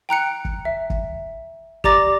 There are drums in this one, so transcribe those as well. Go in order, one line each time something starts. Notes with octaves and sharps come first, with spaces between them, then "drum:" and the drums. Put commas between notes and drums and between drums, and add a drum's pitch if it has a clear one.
G5 A#5 F#6 C#7
drum: kick
E5
drum: kick
G4 D5 A#5 D6 A6 A#6, drum: kick